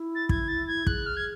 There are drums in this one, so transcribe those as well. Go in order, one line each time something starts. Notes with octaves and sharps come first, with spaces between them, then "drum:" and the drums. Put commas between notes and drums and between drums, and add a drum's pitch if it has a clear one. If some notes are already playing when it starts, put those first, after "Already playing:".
Already playing: E4
A6
G#6, drum: kick
A6
G#6
G#4 F#6, drum: kick
F6
G#6